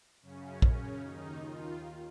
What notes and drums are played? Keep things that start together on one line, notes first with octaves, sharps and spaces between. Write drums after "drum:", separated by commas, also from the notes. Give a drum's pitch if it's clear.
F#2 C#3 C#4
C#4, drum: kick A#1
D#2 D#3 D#4
F4